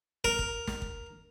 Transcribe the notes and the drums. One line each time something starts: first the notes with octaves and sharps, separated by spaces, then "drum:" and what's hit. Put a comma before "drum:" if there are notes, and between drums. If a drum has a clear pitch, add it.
A#4, drum: kick
drum: kick
drum: snare
drum: kick